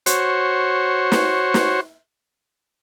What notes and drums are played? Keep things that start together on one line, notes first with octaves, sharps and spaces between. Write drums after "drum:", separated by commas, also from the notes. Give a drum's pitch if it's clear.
F#4 C5 C#5, drum: hi-hat
drum: snare
drum: snare